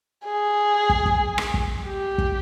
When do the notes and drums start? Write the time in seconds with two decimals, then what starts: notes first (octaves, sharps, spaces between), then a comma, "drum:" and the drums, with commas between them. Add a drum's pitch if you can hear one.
0.25 G#4
0.89 drum: kick
1.06 drum: kick
1.38 drum: rim click
1.54 drum: kick
1.86 G4
2.18 drum: kick